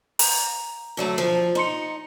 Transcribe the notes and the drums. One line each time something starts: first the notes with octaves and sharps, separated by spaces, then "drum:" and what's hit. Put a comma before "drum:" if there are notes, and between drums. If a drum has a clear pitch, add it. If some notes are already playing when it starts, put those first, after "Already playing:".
A#5, drum: open hi-hat
D3 F#3 A3
F3
D#4 A#5 C6 C#7